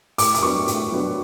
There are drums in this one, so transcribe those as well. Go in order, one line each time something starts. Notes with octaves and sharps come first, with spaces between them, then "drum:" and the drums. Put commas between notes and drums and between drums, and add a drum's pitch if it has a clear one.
A2 D6, drum: open hi-hat
D6, drum: hi-hat
F#3 B3 D4 C#6
A2, drum: hi-hat
F#3 B3 D4